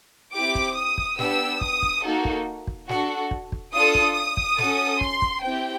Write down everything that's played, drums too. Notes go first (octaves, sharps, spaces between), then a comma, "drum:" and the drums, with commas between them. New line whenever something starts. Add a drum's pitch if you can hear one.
C4 E4 G4 D6
drum: kick
D#6
drum: kick
B3 D4 G4 E6, drum: snare
D#6, drum: kick
drum: kick
A#3 D#4 F#4 A4
drum: kick
drum: kick
D4 F#4 A4, drum: snare
drum: kick
drum: kick
D4 F4 A4 D#6
drum: kick
D#6
drum: kick
C#4 F#4 A4, drum: snare
C6, drum: kick
drum: kick
C4 E4 G4 G5